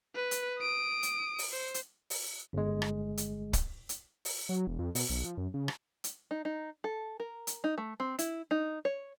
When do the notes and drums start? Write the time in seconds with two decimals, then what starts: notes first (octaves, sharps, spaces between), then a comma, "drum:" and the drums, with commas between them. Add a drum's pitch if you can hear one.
0.15 B4
0.31 drum: hi-hat
0.60 D#6 D7
1.03 drum: hi-hat
1.39 drum: open hi-hat
1.51 C5
1.74 drum: hi-hat
2.10 drum: open hi-hat
2.53 G1 G#3
2.82 drum: rim click
3.17 drum: hi-hat
3.53 drum: kick, hi-hat
3.89 drum: hi-hat
4.25 drum: open hi-hat
4.49 F#3
4.67 E1
4.79 F2
4.95 B2, drum: open hi-hat
5.10 B1
5.24 F3
5.37 F#2
5.54 C#3
5.68 drum: rim click
6.04 drum: hi-hat
6.31 D#4
6.45 D#4
6.84 A4
7.20 A#4
7.47 drum: hi-hat
7.64 D#4
7.78 A3
8.00 C4
8.19 E4, drum: hi-hat
8.51 D#4
8.85 C#5